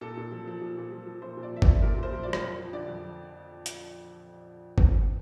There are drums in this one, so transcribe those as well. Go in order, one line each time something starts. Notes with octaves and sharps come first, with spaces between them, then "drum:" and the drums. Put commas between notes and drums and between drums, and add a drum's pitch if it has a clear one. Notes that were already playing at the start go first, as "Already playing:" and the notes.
A#2 A4
A#2
F3
F3
A#2
A#2
F3
F3
A#2 C5
A#2
D5
F3 E5
D5, drum: kick
F3
A#2 A#4
A#2 C5
F3
F3 D5
drum: rim click
F2
F3
D3 D5
F2
drum: hi-hat
drum: kick